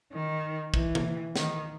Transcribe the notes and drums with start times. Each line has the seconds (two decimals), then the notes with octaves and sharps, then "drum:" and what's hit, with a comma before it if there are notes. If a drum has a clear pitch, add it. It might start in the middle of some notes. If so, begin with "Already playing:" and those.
0.12 D#3
0.74 E3, drum: kick
0.95 drum: tom C#3
1.36 D#3, drum: snare